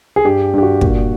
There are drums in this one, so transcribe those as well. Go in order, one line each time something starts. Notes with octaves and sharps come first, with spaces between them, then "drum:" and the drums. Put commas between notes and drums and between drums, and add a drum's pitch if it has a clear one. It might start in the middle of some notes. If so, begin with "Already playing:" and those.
G#4
G2 G4
G2 G4
F#4
A#2, drum: kick